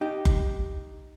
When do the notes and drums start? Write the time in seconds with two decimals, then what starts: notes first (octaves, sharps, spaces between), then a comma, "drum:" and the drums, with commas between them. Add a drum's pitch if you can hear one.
0.01 D#4 G4
0.25 drum: kick F#1